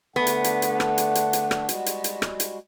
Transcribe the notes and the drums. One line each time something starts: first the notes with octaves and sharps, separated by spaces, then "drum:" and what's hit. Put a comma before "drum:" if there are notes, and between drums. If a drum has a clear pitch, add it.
D3 A3 B3 D4 F#5
drum: hi-hat
drum: hi-hat
drum: hi-hat
drum: rim click
drum: hi-hat
drum: hi-hat
drum: hi-hat
drum: rim click
G3 G#3 F#4, drum: hi-hat
drum: hi-hat
drum: hi-hat
drum: rim click
drum: hi-hat